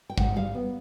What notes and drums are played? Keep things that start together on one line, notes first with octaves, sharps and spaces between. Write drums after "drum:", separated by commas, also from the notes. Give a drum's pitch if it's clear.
G5
G#2 F#5, drum: kick
G3 F5
B3